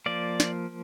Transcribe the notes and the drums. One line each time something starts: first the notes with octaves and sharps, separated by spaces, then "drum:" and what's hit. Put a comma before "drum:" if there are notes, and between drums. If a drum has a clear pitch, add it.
F3 A#3 D5
drum: snare